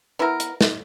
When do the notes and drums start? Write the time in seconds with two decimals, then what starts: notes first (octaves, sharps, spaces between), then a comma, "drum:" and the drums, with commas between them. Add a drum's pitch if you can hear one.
0.19 B3 E4 A#4
0.40 drum: hi-hat
0.61 drum: snare